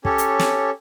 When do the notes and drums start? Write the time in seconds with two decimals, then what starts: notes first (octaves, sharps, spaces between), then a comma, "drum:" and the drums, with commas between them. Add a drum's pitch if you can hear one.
0.05 C#4 G4 A4 C#5, drum: kick
0.18 drum: hi-hat
0.39 drum: snare